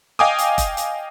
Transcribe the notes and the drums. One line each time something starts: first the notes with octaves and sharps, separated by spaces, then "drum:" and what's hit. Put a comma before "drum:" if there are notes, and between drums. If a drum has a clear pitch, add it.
D#5 F5 G5 G#5 D6 D#6
drum: hi-hat
drum: kick F1, hi-hat
drum: hi-hat